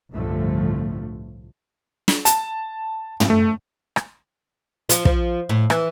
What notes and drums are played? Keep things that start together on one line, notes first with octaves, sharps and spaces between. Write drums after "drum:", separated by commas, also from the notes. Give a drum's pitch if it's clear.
G1 C2 A2 D3 F3 A3
drum: snare
A5, drum: hi-hat
drum: tom
A3
drum: rim click
F3, drum: hi-hat
F3, drum: kick
A2
E3, drum: rim click